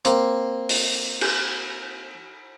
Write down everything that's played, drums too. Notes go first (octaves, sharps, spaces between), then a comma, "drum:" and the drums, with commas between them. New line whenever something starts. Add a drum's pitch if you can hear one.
A#3 C4, drum: hi-hat
drum: open hi-hat
drum: cymbal